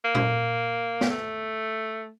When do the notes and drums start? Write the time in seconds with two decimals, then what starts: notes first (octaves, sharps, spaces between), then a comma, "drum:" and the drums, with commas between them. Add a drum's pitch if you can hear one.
0.05 A#3
0.15 drum: tom A#2
1.01 drum: snare
1.10 A3